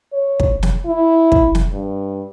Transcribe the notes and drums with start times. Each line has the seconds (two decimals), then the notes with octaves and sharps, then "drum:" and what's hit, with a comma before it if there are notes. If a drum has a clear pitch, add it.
0.13 C#5
0.40 drum: kick
0.63 drum: snare
0.86 E4
1.32 drum: kick
1.55 drum: snare
1.72 G2